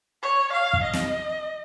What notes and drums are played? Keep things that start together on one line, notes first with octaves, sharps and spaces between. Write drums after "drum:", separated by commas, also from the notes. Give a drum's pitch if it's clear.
C#5
F5
drum: kick
D#5
drum: snare